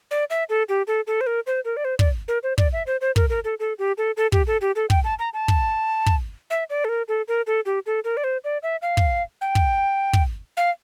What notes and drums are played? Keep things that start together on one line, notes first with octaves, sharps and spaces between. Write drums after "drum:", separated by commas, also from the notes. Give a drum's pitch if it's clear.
D5
E5
A4
G4
A4
A4
C5
A#4
C5
A#4
D5
C5
D5, drum: kick
A#4
C5
D5, drum: kick
E5
C5
C5
A#4, drum: kick
A#4
A4
A4
G4
A4
A4
G4, drum: kick
A4
G4
A4
G5, drum: kick
A5
A#5
A5
drum: kick
drum: kick
E5
D5
A4
A#4
A4
A#4
A4
G4
A4
A#4
D5
C5
D5
E5
F5
drum: kick
G5
drum: kick
drum: kick
F5